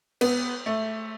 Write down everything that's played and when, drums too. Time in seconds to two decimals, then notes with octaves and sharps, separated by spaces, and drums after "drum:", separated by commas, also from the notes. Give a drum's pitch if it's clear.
0.21 B3, drum: cymbal
0.66 A3